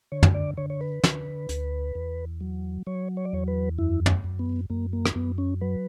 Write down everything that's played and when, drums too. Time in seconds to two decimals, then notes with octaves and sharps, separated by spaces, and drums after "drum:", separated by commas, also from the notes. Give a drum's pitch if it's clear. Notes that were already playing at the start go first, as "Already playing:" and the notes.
0.12 D3 C#5
0.23 drum: tom
0.35 D5
0.57 D3 C#5
0.70 C#5
0.81 B4
1.04 D3, drum: snare
1.49 D2, drum: hi-hat
1.95 E2
2.41 F#3
2.87 F#3 C#5
3.17 C#5
3.25 D5
3.33 E2 C#5
3.48 B4
3.78 F#2 E4
4.06 drum: tom
4.24 F#2
4.39 B3
4.70 F#2 A#3
4.93 A#3
5.06 drum: rim click
5.15 F#2 B3
5.38 C#4
5.61 F#3 B4